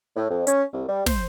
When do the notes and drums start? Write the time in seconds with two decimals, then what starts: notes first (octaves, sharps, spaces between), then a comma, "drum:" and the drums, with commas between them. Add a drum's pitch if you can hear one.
0.16 A2
0.30 F2
0.47 C#4, drum: hi-hat
0.72 C2
0.89 G3
1.06 C5, drum: snare